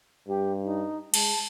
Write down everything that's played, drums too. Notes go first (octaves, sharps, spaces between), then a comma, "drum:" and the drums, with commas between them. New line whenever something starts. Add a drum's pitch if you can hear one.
G2 G4
D#4
G#3 A5, drum: cymbal